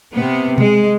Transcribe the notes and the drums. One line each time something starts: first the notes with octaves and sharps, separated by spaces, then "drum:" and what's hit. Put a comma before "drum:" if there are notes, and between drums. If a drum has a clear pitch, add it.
C3 B3
G#3, drum: tom B2